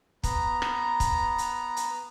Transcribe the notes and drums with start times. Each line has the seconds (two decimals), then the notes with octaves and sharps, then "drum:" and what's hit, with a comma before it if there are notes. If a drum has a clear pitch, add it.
0.24 B3 A#5, drum: kick, hi-hat
0.62 drum: rim click
1.00 drum: kick, hi-hat
1.38 drum: hi-hat
1.77 drum: hi-hat